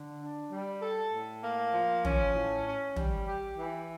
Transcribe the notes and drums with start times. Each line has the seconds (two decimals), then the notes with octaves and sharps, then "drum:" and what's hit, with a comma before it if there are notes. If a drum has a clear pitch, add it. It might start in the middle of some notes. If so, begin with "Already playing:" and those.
Already playing: D3
0.20 D4
0.51 G3
0.82 A4
1.13 A2
1.44 A#3
1.74 F3
2.05 C#4, drum: tom
2.35 A2
2.66 C#4
2.96 G3, drum: tom
3.27 G4
3.57 E3